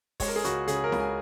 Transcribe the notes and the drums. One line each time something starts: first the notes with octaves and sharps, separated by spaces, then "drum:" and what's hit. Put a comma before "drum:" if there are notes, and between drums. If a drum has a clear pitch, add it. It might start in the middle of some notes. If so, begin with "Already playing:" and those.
G#3 C#5, drum: kick, open hi-hat
A#4
G#4
C#2 F#4, drum: hi-hat
C#3 G#4, drum: hi-hat
A#4
C#2, drum: snare E4
G#5